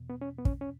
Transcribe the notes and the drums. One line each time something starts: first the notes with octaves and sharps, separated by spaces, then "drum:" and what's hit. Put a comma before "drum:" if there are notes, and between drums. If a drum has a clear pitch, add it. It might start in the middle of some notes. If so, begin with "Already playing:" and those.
Already playing: E2 B2
B3
C#4
B3
C#4, drum: kick
C#4